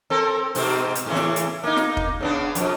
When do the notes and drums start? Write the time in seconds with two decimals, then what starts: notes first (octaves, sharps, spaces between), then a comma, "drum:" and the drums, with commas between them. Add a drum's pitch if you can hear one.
0.10 C4 A4 A#4
0.55 G#2 B2 C4, drum: open hi-hat
0.95 drum: hi-hat
1.06 A2 C#3 E3
1.16 drum: snare
1.36 drum: hi-hat
1.64 A#3 D#4
1.77 drum: snare
1.97 drum: kick
2.21 C#3 B3 D4
2.55 F2 B2, drum: hi-hat